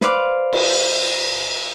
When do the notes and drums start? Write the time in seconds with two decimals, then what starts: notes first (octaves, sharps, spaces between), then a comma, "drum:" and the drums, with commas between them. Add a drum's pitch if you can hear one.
0.01 B4 C5 D5 F5 D6, drum: snare
0.53 drum: cymbal